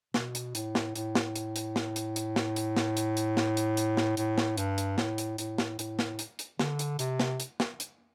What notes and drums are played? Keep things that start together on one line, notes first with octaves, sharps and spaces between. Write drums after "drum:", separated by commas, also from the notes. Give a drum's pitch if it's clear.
B2, drum: snare
drum: hi-hat
A2, drum: hi-hat
drum: snare
A2, drum: hi-hat
drum: snare
drum: hi-hat
drum: hi-hat
drum: snare
drum: hi-hat
drum: hi-hat
drum: snare
drum: hi-hat
drum: snare
drum: hi-hat
drum: hi-hat
drum: snare
drum: hi-hat
drum: hi-hat
drum: snare
A2, drum: hi-hat
drum: snare
G2, drum: hi-hat
drum: hi-hat
A2, drum: snare
drum: hi-hat
A2, drum: hi-hat
drum: snare
A2, drum: hi-hat
drum: snare
drum: hi-hat
drum: hi-hat
D3, drum: snare
drum: hi-hat
C3, drum: hi-hat
drum: snare
drum: hi-hat
drum: snare
drum: hi-hat